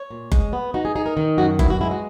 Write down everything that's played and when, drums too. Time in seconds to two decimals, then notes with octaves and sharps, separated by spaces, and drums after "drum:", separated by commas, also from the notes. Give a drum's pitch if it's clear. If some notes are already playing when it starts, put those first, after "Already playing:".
Already playing: C#5
0.11 A#2
0.32 G#3, drum: kick F#1
0.53 B3
0.74 D#4 F#4
0.85 G#4
0.95 D#4 G#4
1.06 A#4
1.17 D#3
1.38 F#2 F#4
1.59 B2 E4, drum: kick F#1
1.70 F#4
1.81 G#3 E4
1.91 F#4